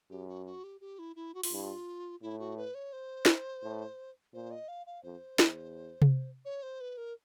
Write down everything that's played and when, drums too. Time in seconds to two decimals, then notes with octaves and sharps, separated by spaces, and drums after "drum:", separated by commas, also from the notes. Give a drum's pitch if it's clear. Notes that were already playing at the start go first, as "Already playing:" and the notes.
0.10 F#2 G4
0.29 F#4
0.46 F#4
0.64 G4
0.81 G4
0.99 E4
1.16 E4
1.34 F#4
1.43 F4, drum: open hi-hat
1.51 G2 E4
1.63 F4
2.22 A2 E4
2.39 F#4
2.57 B4
2.74 C#5
2.93 C5
3.26 drum: snare
3.63 A2
4.34 A#2 C5
4.51 D#5
4.68 F5
4.87 F5
5.03 F2 C5
5.39 E2, drum: snare
6.02 drum: tom C3
6.45 C#5
6.63 C5
6.81 B4
6.97 A#4